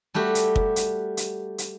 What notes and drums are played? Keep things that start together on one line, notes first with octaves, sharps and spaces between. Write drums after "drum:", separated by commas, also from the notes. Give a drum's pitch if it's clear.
G3 A3 F#4 G4
drum: hi-hat
drum: kick
drum: hi-hat
drum: hi-hat
drum: hi-hat